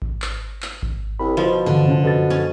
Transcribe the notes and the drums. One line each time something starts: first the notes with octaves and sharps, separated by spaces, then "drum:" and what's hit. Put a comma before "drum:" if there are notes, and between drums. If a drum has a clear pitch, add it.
drum: kick G#1
drum: clap
drum: clap
drum: kick G#1
C2 B5
B2 F3 B5
G2 D3 E3
C3 C#4 F4
F#2 B2 A4 A6
C#4